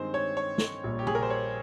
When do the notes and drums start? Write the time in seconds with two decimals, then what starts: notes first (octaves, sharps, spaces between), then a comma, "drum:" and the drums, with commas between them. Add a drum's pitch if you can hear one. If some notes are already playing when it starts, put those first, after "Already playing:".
Already playing: G2 D#3 G#3 C4 C5
0.14 C#5
0.37 C#5
0.58 drum: snare
0.83 A#1 A#2 G3
0.99 G4
1.07 G#4, drum: tom
1.15 A#4
1.23 C5
1.30 C#5